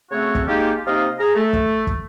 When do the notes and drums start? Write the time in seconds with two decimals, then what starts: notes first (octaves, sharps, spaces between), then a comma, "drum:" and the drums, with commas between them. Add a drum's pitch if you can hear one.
0.12 C#3 A3 C4 F#4 A4 C#5
0.35 drum: kick
0.47 G#3 A#3 D#4 F4 G4
0.86 C3 A#3 D#4 F4 D#5 F5
1.19 G#4 A#5
1.35 A3
1.53 drum: kick
1.87 drum: kick